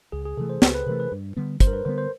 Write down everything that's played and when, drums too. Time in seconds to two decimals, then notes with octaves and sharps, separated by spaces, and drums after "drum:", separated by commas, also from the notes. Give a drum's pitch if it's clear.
0.12 C#2 G#4
0.25 G#4
0.37 C3 E3 A3 A4
0.50 C5
0.62 C#2 B4, drum: snare
0.75 B4
0.86 C3 E3 A3 A#4
1.00 B4
1.12 G2
1.37 D3 G3 B3
1.60 G2 C5, drum: kick, hi-hat
1.67 A#4
1.73 B4
1.85 D3 G3 B3 C5
1.98 C5